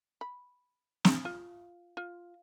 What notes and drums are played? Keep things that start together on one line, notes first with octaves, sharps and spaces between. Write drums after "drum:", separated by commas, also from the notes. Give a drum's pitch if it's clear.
B5
drum: snare
F4
F4